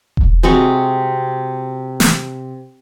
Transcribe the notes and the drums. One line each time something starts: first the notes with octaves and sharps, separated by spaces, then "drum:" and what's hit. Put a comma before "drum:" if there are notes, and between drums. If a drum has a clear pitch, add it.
drum: kick E1
C3 G#3 F#4 C#6
drum: snare